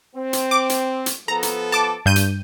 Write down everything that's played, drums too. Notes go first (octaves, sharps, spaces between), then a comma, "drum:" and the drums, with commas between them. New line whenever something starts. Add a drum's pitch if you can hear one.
C4
drum: hi-hat
D6
drum: hi-hat
drum: hi-hat
F3 B3 A4 A#5
drum: hi-hat
A5 D6
G2 G6 D#7
drum: hi-hat